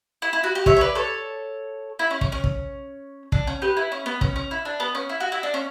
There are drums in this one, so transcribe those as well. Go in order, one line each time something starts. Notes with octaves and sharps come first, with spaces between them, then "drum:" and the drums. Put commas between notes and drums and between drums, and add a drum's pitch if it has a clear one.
E4
E4
F#4
G4
C#5 E5, drum: kick
C#5
B4 D5
A4 C#5
E4
C#4
C#4, drum: kick
C#4
drum: kick
D4, drum: kick
C#4
G4 B4
E4
C#4
B3
C#4, drum: kick
C#4
E4
D4
B3
C#4
E4
F#4
E4
D4
C#4